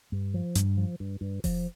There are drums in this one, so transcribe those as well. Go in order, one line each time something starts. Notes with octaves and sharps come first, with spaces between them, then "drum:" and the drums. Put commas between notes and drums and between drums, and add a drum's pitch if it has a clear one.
G2
F3
G2, drum: hi-hat
F3
G2
G2
F3, drum: kick F1, open hi-hat